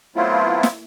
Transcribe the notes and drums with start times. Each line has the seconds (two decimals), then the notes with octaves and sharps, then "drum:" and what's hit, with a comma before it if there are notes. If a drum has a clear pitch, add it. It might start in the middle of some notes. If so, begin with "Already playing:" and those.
0.16 F#3 A3 B3 C4 E4 F4
0.63 drum: snare